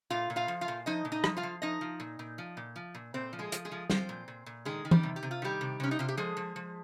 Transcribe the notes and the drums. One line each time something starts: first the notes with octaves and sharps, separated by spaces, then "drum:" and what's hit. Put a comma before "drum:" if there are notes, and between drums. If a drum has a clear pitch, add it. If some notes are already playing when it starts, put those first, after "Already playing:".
A#2 F4 F5
A#2
F4 F5
F3
F4 F5
A#2
F3 D#4 D#5
A#2
D#4 D#5
F3, drum: rim click
F4 F5
F3
F3 D#4 D#5
F3
A#2
A#2
F3
A#2
F3
A#2
A#2 C4 C5
F3
G#3 G#4
F3, drum: hi-hat
G#3 G#4
F3
F3 C4 C5, drum: snare
A#2
A#2
A#2
D#3 G#3 G#4
D#3
G3 G4, drum: tom
C3
G4
C3
F4
D#3 G3 G4
C3
C3 C#4
D#4
C3 F4
G4
F3 G#3 G#4
F3
F3